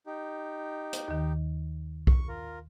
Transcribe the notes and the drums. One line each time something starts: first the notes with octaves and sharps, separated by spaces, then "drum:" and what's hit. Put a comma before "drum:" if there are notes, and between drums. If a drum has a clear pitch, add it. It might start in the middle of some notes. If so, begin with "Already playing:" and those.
D#4 G4
drum: hi-hat
D#2 D#3
C#6, drum: kick B1
F4 A#4